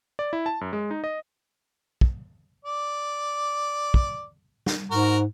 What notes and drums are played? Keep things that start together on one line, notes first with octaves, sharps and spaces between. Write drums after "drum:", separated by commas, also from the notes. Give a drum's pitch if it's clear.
D5
E4
A5
F#2
G#3
D#4
D#5
drum: kick
D5
drum: kick
drum: snare
G#2 F#4 A#4